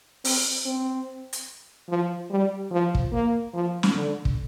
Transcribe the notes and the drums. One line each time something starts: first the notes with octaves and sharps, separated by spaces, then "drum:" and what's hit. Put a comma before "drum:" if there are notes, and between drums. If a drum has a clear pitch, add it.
C4, drum: open hi-hat
C4
drum: hi-hat
F3
G3
F3
drum: kick
A#3
F3
drum: snare
D3
drum: kick